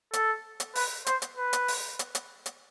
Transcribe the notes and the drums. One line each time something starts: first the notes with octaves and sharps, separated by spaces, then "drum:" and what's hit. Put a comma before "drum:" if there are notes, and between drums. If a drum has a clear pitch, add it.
A4, drum: hi-hat
drum: hi-hat
B4, drum: open hi-hat
C5, drum: hi-hat
drum: hi-hat
B4
drum: hi-hat
drum: open hi-hat
drum: hi-hat
drum: hi-hat
drum: hi-hat